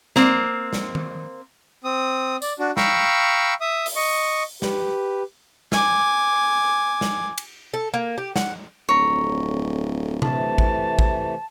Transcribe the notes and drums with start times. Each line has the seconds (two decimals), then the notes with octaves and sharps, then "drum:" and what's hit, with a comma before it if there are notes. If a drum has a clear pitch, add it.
0.16 A#3 C4, drum: snare
0.73 drum: snare
0.95 drum: tom D#3
1.84 C4 D#6
2.42 D5, drum: tambourine
2.59 D4 F#4
2.77 F5 G5 A#5 B5 C#6 E6, drum: snare
3.61 E5 D#6
3.86 drum: open hi-hat
3.96 D#5 C#6
4.62 G4 B4, drum: snare
5.72 G#5 D6, drum: snare
7.01 drum: snare
7.38 drum: cymbal
7.74 A4
7.94 A#3
8.18 G4
8.36 F#5, drum: snare
8.89 D1 F2 C#5 A#5
10.22 C3 E3 A3 A5, drum: tom C3
10.58 drum: kick A1
10.99 drum: kick A1